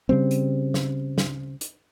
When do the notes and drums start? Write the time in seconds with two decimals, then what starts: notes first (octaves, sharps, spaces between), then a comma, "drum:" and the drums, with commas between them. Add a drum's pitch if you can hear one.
0.09 C#3 G3 C4
0.31 drum: hi-hat
0.74 drum: snare
1.18 drum: snare
1.61 drum: hi-hat